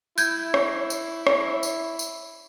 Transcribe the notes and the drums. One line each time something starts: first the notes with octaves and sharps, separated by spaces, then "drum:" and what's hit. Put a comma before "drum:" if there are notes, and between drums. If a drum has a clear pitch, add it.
E4 G6 G#6, drum: tambourine
drum: rim click
drum: tambourine
drum: rim click
drum: tambourine
drum: tambourine